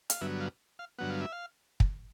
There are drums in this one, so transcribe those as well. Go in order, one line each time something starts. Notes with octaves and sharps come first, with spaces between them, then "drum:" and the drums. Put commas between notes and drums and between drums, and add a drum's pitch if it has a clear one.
F5, drum: hi-hat
G2 D3 F#3 B3 E5
F5
F5
G2 D3 F#3 B3 F#5
F5
E5
F5
drum: kick